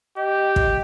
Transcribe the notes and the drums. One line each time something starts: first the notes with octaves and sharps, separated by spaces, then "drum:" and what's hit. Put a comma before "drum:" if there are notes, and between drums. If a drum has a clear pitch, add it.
G4 D#5
drum: kick